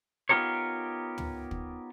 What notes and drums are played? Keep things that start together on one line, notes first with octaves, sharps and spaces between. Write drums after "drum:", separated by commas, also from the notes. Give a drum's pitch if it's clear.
B3 D#4 F4 G4 A#4 C#5
drum: tom
drum: kick